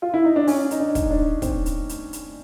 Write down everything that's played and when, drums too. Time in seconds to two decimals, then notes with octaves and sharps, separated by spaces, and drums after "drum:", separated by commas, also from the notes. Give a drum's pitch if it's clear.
0.02 F4
0.14 E4
0.25 D#4
0.36 D4
0.47 C#4, drum: open hi-hat
0.71 D#4, drum: hi-hat
0.80 D4
0.95 drum: kick, hi-hat
1.11 D4
1.42 C4, drum: kick, hi-hat
1.66 drum: hi-hat
1.89 drum: hi-hat
2.13 drum: hi-hat